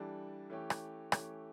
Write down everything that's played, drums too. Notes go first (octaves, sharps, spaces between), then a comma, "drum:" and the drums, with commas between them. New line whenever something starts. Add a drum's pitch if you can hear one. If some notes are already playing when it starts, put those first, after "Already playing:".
Already playing: E3 G3 D4 A4
E3 A3 C#4 G4
drum: rim click
E3 A3 C#4 G4, drum: rim click